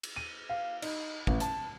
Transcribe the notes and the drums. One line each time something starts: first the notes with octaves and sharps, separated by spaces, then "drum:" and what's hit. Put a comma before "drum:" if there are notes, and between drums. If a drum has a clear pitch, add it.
drum: cymbal
D#7
F5
D#4, drum: cymbal
A1, drum: kick
A5, drum: hi-hat